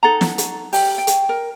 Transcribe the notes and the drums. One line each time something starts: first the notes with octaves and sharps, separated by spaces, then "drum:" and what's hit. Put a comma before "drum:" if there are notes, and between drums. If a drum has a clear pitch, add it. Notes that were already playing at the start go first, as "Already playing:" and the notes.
D#4 A4 F#5 A#5
drum: snare
drum: hi-hat
G4, drum: open hi-hat
G5
drum: hi-hat
A#4